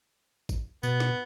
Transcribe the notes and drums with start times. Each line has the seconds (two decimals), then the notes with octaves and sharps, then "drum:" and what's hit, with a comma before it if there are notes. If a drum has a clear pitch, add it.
0.49 drum: kick, tambourine
0.83 B2 B3, drum: tambourine
1.00 drum: snare